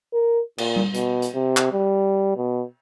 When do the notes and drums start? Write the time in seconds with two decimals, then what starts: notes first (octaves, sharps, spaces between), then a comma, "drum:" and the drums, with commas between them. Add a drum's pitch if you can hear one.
0.13 A#4
0.58 A#2, drum: cymbal
0.76 drum: tom G3
0.94 B2, drum: hi-hat
1.22 drum: hi-hat
1.35 C3
1.57 drum: clap
1.72 G3
2.36 B2